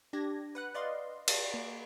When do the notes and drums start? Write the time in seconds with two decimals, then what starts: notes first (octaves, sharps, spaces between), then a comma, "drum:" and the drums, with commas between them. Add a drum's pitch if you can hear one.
0.13 D4 G4 G#6 A#6
0.55 B4 F#5 F#6
0.74 B4 D5 D#5 F5 F#5 C6
1.28 drum: cymbal
1.54 A#3